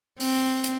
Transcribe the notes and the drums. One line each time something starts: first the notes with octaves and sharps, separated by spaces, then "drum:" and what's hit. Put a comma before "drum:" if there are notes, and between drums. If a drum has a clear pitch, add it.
C4, drum: open hi-hat
drum: hi-hat